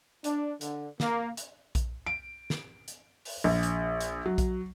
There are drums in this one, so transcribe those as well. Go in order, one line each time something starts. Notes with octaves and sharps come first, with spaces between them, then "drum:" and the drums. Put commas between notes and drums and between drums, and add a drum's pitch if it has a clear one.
D4, drum: hi-hat
D3, drum: hi-hat
A#3, drum: snare
drum: hi-hat
drum: kick A#1, hi-hat
D7
drum: snare
drum: hi-hat
drum: open hi-hat
A#1
drum: hi-hat
drum: hi-hat
F#3
drum: kick A#1, hi-hat